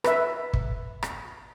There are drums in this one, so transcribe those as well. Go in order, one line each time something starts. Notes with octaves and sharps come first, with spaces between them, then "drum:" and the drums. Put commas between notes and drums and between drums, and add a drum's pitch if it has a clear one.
B4 E5, drum: rim click
drum: kick
drum: rim click